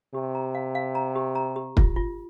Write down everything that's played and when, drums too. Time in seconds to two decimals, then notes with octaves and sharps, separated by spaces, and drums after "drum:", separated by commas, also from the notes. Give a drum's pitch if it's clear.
0.14 C3 G4
0.35 A#5
0.55 F5
0.75 F5
0.95 A#5
1.16 G4
1.35 A#5
1.56 G4
1.77 F4, drum: kick
1.96 F4